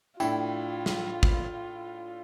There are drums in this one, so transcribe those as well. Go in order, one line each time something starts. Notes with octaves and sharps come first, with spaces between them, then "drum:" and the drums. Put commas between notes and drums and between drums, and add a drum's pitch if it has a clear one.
A2 D4 E4 F4 G5, drum: tambourine
drum: snare
drum: kick